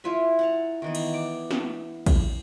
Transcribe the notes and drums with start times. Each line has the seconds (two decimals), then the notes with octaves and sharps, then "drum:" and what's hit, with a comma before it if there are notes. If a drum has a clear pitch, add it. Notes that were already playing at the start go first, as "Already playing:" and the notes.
0.04 E4 F4 B4 E5
0.39 F#5 A5 A#5
0.82 D#3 E3 B3
0.95 drum: cymbal
1.14 D5
1.51 drum: snare
2.06 drum: kick, cymbal